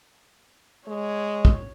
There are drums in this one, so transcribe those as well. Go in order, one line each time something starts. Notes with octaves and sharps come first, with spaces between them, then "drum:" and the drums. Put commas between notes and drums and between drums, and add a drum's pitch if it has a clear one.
G#3 C#5
drum: kick